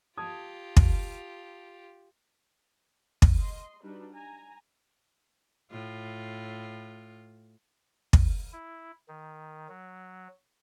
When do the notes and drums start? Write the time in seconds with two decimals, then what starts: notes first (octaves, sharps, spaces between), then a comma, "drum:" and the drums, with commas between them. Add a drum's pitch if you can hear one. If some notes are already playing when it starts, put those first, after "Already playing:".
0.17 F4 G4 A5 D#6 G#6
0.77 drum: kick
3.22 drum: kick
3.39 D#5 C6
3.83 G3 D4 D#4 F#4 B4
4.14 G#5 A#5
5.71 A2 F4
8.13 drum: kick
8.53 E4
9.08 D#3
9.69 F#3